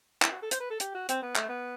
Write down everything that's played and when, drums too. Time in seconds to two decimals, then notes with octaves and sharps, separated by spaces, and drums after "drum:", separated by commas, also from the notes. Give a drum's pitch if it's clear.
0.22 E4, drum: clap
0.32 F#4
0.42 A4
0.51 C5, drum: hi-hat
0.60 B4
0.70 A4
0.80 G4, drum: hi-hat
0.95 F#4
1.09 C4, drum: hi-hat
1.22 B3
1.36 A3, drum: clap
1.49 B3